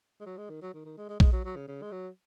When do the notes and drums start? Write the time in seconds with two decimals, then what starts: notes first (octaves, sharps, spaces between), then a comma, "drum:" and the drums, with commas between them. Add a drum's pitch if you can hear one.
0.20 G#3
0.26 F#3
0.38 G#3
0.50 D#3
0.62 F#3
0.74 D#3
0.85 D#3
0.97 G#3
1.09 G#3
1.20 G#3, drum: kick A#1
1.33 F#3
1.45 F#3
1.56 C#3
1.68 C#3
1.82 G#3
1.92 F#3